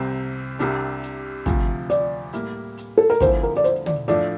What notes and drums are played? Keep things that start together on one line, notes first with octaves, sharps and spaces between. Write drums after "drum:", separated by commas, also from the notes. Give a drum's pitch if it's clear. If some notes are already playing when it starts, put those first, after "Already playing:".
Already playing: C2 C3 G3 C4
C2 C3 G3 D4, drum: hi-hat
drum: hi-hat
D2 C3 F3, drum: kick, hi-hat
D5, drum: hi-hat
A2 G3 A#3 E4, drum: hi-hat
drum: hi-hat
A4
A#4
E2 D3 F3 A3 E4 C5, drum: kick, hi-hat
A#4
D5
C5, drum: hi-hat
D5, drum: tom
A2 F3 A3 D4 D5, drum: hi-hat